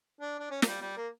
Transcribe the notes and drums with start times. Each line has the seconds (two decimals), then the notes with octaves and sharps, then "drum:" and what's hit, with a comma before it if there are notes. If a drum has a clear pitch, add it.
0.21 D4
0.39 D4
0.50 C#4
0.62 A#3, drum: snare
0.67 G3
0.81 G3
0.97 A#3